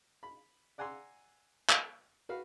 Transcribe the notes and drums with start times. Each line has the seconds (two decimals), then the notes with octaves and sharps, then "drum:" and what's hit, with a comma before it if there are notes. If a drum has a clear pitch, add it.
0.23 B5
0.78 D5 F#5 G#5 A#5 C6 E6
1.69 drum: clap
2.29 F#4 B4 F5